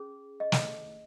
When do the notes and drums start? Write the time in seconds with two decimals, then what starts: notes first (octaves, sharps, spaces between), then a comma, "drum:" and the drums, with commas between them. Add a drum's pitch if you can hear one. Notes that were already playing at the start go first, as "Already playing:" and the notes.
Already playing: C#4 G#4
0.40 D#5
0.52 drum: snare